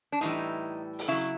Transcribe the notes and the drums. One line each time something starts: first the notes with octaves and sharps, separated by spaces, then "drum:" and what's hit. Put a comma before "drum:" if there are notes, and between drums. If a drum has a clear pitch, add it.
D4
A2 E3 G3 D#4, drum: hi-hat
drum: open hi-hat
C#3 F#3 E4